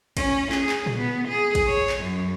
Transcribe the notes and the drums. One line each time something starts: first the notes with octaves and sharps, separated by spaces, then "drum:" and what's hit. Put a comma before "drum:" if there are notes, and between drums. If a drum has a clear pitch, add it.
C#4, drum: kick, cymbal
G#4, drum: clap
drum: clap
drum: tom A#2
B3
G#4
drum: kick, cymbal
C#5
drum: clap
F#2